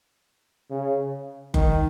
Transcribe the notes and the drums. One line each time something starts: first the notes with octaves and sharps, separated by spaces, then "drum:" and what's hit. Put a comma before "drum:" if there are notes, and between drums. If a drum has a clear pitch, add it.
C#3
D#3, drum: kick F#1